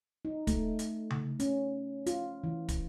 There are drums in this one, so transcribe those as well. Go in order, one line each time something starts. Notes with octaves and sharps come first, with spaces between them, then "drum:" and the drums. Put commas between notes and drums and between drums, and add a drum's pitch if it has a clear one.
D#4
A3, drum: kick, hi-hat
drum: hi-hat
drum: tom C#3
C#4, drum: hi-hat
F4, drum: hi-hat
E3
drum: kick, hi-hat